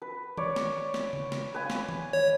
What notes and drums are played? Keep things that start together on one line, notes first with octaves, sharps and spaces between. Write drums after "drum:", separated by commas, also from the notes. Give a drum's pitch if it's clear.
B4
C#5 D5, drum: tom D#3
drum: snare
drum: snare
drum: tom C#3
drum: snare
B4 F5 G#5
drum: snare
drum: tom D#3
C#5